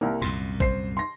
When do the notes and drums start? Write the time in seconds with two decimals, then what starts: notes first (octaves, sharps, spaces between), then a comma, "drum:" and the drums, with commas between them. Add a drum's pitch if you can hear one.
0.01 C2 A#3
0.22 C2 F#2 A#2 C6
0.60 C5 C7, drum: kick A1
0.97 C6 A#6